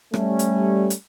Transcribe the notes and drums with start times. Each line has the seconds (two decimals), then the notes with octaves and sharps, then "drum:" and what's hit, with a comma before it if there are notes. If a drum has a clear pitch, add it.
0.14 G3 A3 C#4, drum: rim click
0.39 drum: hi-hat
0.90 drum: hi-hat